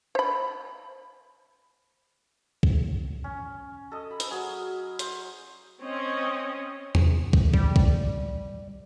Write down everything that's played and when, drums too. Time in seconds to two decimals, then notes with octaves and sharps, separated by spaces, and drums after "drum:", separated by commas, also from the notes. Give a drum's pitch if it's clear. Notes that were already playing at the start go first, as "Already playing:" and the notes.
0.15 C5 B5
2.63 drum: kick
3.24 C#4
3.91 A4 D#5
4.10 A#5 B5
4.20 drum: hi-hat
4.30 F#3 G#4 F5
4.99 C5, drum: hi-hat
5.80 C4 C#4 C#5 D#5
6.95 drum: tom E2
7.33 drum: kick
7.54 G3, drum: kick
7.76 drum: kick